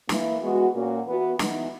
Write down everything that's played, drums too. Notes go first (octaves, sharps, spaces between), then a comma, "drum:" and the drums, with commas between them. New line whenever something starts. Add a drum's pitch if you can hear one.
E3 A#3 E4, drum: snare
E3 G#3 B3 F#4
A#2 A#3 C#4 F#4
E3 B3 F#4
E3 B3 D#4, drum: snare